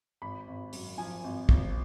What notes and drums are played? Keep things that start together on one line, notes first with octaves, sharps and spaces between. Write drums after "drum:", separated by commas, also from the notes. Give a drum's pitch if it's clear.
G#1 B5
G#1
F#2, drum: open hi-hat
F3 G#5
G#1
G#1, drum: kick